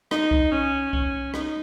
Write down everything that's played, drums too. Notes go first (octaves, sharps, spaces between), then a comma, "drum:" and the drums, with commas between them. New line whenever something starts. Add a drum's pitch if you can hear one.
D#4, drum: rim click
drum: kick C2
C#4
C#4, drum: kick C2
D#4, drum: rim click